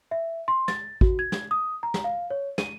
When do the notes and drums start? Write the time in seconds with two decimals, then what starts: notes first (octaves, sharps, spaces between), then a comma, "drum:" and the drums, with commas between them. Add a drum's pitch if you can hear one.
0.11 E5
0.48 C6
0.68 A6, drum: snare
1.01 F#4, drum: kick
1.19 G#6
1.32 drum: snare
1.51 D#6
1.83 A#5
1.94 drum: snare
2.04 F5
2.30 C#5
2.58 D#7, drum: snare